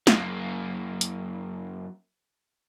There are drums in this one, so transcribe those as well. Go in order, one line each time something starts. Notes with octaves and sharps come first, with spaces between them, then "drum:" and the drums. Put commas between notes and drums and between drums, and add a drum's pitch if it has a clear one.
F#2 A#3, drum: snare
drum: hi-hat